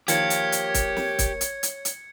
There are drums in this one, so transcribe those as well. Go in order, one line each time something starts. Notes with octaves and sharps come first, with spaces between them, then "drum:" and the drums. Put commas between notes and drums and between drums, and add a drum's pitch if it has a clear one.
D#3 F3 A#3 G4 C#5 G#6 C#7, drum: hi-hat
drum: hi-hat
drum: hi-hat
drum: kick, hi-hat
drum: snare
drum: kick, hi-hat
drum: hi-hat
drum: hi-hat
drum: hi-hat